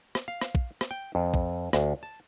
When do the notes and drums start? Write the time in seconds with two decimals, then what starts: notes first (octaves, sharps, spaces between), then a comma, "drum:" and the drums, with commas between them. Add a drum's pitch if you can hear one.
0.15 drum: rim click
0.28 F5
0.41 drum: rim click
0.55 drum: kick
0.81 drum: rim click
0.91 G5
1.15 F2
1.34 drum: kick
1.73 D2, drum: rim click
2.03 A5